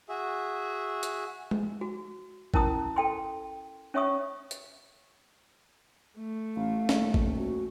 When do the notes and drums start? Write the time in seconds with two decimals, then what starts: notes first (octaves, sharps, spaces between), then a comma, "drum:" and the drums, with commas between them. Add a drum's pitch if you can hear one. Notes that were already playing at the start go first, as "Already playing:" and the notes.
0.09 F#4 G#4 E5
1.03 drum: hi-hat
1.51 drum: tom G#3
1.81 F#4
2.54 C#4 E4 A#4 A5 A#5 D#6, drum: kick
2.96 A4 G5 C6
3.94 C#4 C#5 E5 C#6 D#6
4.51 drum: hi-hat
6.18 A3
6.56 A1 F5
6.89 D#1, drum: snare
7.14 drum: kick
7.37 F#4